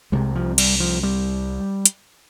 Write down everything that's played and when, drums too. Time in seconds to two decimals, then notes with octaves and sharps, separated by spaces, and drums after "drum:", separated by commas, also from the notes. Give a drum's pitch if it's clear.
0.12 C2 C3 G#3
0.35 F3
0.58 G3, drum: cymbal
0.80 F3
1.03 G3
1.85 drum: hi-hat